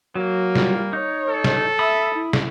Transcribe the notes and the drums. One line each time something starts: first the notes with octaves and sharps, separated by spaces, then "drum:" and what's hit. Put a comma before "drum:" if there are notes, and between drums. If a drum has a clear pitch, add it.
F#3 A#3
G3 F4, drum: snare
D#4 C#5
A4
drum: snare
E5 B5 D#6
E4
drum: snare